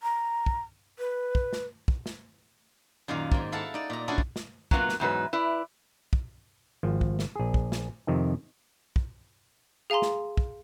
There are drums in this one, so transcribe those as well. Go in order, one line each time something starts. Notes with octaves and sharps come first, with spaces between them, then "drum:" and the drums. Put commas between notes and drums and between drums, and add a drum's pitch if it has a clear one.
A#5
drum: kick
B4
drum: kick
drum: snare
drum: kick
drum: snare
F#2 A#2 D#3 F5
G#2 A#3, drum: kick
E4 A4 F5 F#5 A5
D#4 D5
A#2 A#5
C#4 D4 E4 F#4 G#4 A4
drum: kick
drum: snare
F#3 A#3 B3 C#4 F4 F#4, drum: kick
drum: snare
E2 G#2 F#3 B4
E4 B4 D5
drum: kick
G#1 F3
drum: kick
drum: snare
A#1 G#4
drum: kick
drum: snare
F2 C3 D#3
drum: kick
G#4 F5 G#5 A#5 C6
drum: snare
drum: kick